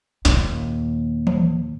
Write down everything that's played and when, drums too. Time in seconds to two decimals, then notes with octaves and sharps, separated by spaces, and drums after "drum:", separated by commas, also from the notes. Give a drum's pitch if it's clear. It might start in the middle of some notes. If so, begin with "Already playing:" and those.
0.25 D#2 A#2, drum: snare
1.27 drum: tom E3